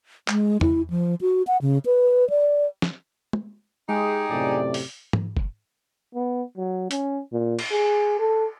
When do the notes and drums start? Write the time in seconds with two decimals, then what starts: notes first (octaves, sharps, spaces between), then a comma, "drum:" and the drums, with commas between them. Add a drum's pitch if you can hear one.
0.28 G#3, drum: clap
0.61 E4, drum: tom E2
0.90 F3
1.21 F#4
1.47 F#5
1.62 C#3
1.86 B4
2.30 D5
2.82 drum: snare
3.33 drum: tom
3.89 G#3 D#4 G4 G#4
4.30 F#2 A2 C3 D5
4.74 drum: open hi-hat
5.13 drum: tom G#2
5.37 drum: kick
6.15 B3
6.57 F#3
6.91 C#4, drum: hi-hat
7.33 A#2
7.59 drum: cymbal
7.71 G#4
8.19 A4